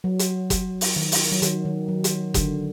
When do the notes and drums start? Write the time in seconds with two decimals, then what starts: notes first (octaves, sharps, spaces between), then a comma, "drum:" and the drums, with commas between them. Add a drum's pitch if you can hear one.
0.04 F#3
0.19 drum: hi-hat
0.50 drum: kick F#1, hi-hat
0.81 drum: open hi-hat
0.96 D#3
1.12 drum: open hi-hat
1.32 F#3
1.42 D#3, drum: hi-hat
1.65 D#3
1.89 F#3
2.04 drum: hi-hat
2.34 D3, drum: kick F#1, hi-hat